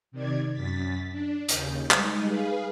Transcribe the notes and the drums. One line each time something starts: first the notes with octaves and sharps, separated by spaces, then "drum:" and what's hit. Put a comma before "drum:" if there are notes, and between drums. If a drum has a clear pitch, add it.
C3 D#3 D5 G#6
F#2 A6 B6
D4
D#2 C#3 G6, drum: hi-hat
G3 G#3 D#4, drum: clap
G#4 B4 F5